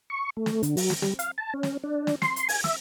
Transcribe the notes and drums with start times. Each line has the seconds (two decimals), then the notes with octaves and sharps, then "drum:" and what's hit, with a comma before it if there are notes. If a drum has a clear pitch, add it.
0.10 C#6
0.37 A3
0.46 drum: snare
0.63 D3, drum: hi-hat
0.77 F#3, drum: open hi-hat
0.90 drum: snare
1.02 G3, drum: snare
1.19 F5, drum: hi-hat
1.38 A5
1.54 C#4
1.63 drum: snare
1.83 D4
2.07 drum: snare
2.22 C6, drum: snare
2.36 drum: hi-hat
2.49 G#5, drum: open hi-hat
2.64 E5, drum: snare